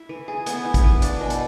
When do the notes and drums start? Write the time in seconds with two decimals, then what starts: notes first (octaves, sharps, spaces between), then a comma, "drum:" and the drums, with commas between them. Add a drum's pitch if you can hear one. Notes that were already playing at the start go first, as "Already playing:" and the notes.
Already playing: E4
0.09 E3
0.28 G#4
0.46 B3, drum: hi-hat
0.65 E4
0.74 drum: kick A1, hi-hat
0.84 E3
1.02 D4, drum: hi-hat
1.21 B2
1.30 drum: hi-hat